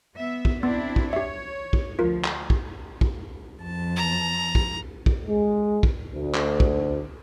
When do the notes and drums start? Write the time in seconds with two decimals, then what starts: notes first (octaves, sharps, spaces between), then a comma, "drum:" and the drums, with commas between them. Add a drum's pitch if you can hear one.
0.15 B3 E5
0.45 drum: kick
0.63 B3 C4 D4 E4
0.96 drum: kick
1.13 G4 C#5 E5
1.73 drum: kick
1.99 D2 F3 F4 A#4
2.24 drum: clap
2.50 drum: kick
3.01 drum: kick
3.61 F2 A5
3.96 A#5
4.55 drum: kick
5.06 drum: kick
5.28 G#3
5.83 drum: kick
6.13 D2
6.34 drum: clap
6.60 drum: kick